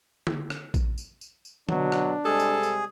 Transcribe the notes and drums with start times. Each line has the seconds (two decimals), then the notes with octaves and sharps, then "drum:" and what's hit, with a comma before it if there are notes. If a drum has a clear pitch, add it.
0.27 drum: tom D3
0.50 drum: rim click
0.74 drum: kick A#1, tambourine
0.98 drum: tambourine
1.21 drum: tambourine
1.45 drum: tambourine
1.69 B2 F#3 D4, drum: tom D3
1.92 drum: rim click
2.25 C3 G3 G#3 G#4 A4
2.40 drum: tambourine
2.63 drum: tambourine